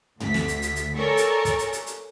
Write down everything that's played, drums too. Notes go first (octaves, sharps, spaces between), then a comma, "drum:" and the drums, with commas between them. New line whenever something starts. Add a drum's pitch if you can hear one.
D2 B6, drum: tom
drum: snare
drum: hi-hat
drum: hi-hat
drum: hi-hat
A4 A#4 C#5 D5 G#5 C#6
drum: hi-hat
drum: kick, hi-hat
drum: hi-hat
drum: hi-hat
drum: hi-hat